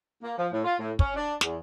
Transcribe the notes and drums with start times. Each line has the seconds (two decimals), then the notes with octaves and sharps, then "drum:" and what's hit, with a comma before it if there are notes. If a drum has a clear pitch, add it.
0.22 A#3
0.37 F3
0.52 A2
0.65 F4
0.79 A2
0.99 C#4, drum: kick
1.16 D4
1.41 E2, drum: snare